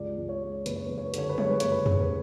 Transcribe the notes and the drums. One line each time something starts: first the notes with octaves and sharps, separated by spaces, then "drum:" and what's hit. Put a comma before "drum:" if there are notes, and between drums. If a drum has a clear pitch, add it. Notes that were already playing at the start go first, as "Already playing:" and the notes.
Already playing: C#2 D5
C#2
C#5
G#3
F#1 B4, drum: hi-hat
C#5
F#1 B4
C#5
B4
D3 C#5, drum: hi-hat
B4
G#3 C#5, drum: tom F3
B4
F#1 C#5, drum: hi-hat
B4
C#3, drum: tom
B4